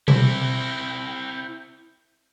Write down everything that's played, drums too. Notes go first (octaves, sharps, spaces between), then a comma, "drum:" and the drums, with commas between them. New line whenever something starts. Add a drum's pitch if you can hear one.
C4 E4, drum: tom B2